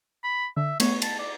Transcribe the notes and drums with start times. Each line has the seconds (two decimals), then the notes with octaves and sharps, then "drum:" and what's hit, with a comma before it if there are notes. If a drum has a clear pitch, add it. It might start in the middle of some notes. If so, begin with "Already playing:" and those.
0.24 B5
0.57 D3 E5
0.80 A3 B3 C#5, drum: cymbal
1.02 A5, drum: cymbal
1.19 D5